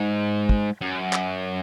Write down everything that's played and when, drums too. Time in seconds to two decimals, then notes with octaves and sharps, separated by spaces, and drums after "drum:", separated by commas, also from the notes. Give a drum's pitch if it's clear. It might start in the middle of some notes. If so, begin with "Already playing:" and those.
Already playing: G#2
0.49 drum: kick
0.81 F#2
1.13 drum: clap